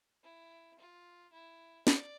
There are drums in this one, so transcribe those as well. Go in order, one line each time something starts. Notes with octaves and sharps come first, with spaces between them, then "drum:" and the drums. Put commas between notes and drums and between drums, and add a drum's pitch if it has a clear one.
E4
F4
E4
D5, drum: snare